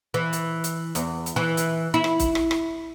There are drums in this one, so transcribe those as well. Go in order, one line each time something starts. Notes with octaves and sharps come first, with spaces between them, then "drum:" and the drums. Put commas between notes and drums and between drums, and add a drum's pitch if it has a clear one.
E3
drum: hi-hat
drum: hi-hat
E2, drum: hi-hat
drum: hi-hat
E3
drum: hi-hat
E4
drum: rim click
drum: kick, hi-hat
drum: rim click
drum: rim click